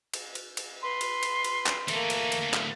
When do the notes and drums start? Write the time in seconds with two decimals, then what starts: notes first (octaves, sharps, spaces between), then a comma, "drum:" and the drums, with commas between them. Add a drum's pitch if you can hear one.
0.14 drum: cymbal
0.35 drum: cymbal
0.57 drum: cymbal
0.82 B4 C6
1.01 drum: cymbal
1.23 drum: cymbal
1.44 drum: cymbal
1.66 drum: clap
1.88 E3 A3 A#3 D#4, drum: cymbal
2.10 drum: cymbal
2.32 drum: cymbal
2.41 D2 A2
2.54 drum: clap